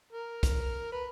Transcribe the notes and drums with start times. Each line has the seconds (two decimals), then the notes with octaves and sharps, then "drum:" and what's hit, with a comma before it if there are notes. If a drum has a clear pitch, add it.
0.13 A#4
0.43 drum: kick, hi-hat
0.92 B4